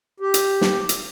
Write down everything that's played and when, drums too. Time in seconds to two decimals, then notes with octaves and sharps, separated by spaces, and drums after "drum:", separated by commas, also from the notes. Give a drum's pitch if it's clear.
0.20 G4
0.34 drum: hi-hat
0.61 drum: snare
0.89 drum: hi-hat